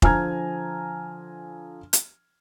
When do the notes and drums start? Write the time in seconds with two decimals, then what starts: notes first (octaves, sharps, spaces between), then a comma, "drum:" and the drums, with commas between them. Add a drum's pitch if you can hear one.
0.02 D3 F3 G#5 A#5 F6 G#6, drum: kick
1.93 drum: hi-hat